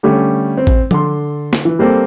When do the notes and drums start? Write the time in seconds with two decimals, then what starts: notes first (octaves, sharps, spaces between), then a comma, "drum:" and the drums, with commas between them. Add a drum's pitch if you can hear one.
0.03 D3 G3 A3 C#4
0.57 C4
0.67 drum: kick A1
0.91 D3 A4 C6, drum: tom F3
1.53 drum: snare
1.65 E3
1.79 G3 A#3 C4 A4